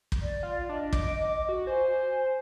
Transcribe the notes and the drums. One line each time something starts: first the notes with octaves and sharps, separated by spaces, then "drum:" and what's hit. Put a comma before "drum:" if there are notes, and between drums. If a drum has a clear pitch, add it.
drum: kick
D5
F4
D4 D#5
D6, drum: kick
F#4
C5 G#5